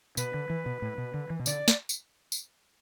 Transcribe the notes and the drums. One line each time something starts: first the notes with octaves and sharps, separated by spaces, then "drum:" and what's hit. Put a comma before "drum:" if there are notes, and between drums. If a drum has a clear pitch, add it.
B2 B4, drum: tambourine
D3
E3
B2
A2
B2
D3
E3
B2
D3 D5, drum: tambourine
drum: snare
drum: tambourine
drum: tambourine